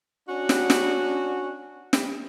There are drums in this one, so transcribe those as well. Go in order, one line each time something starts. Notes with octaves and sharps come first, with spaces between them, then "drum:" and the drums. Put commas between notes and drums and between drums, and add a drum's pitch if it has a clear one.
C#4 D4 F#4
drum: snare
drum: snare
drum: snare